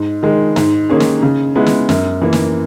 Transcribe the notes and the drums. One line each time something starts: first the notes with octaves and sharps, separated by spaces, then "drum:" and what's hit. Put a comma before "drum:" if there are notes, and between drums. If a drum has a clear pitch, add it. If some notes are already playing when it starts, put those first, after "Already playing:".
Already playing: G#2
D#3 G#3
G#2, drum: snare
D#3 A#3 C#4 G#4
drum: snare
C#3
G#3 B3 E4
drum: snare
F#2, drum: snare
E3 A#3
drum: snare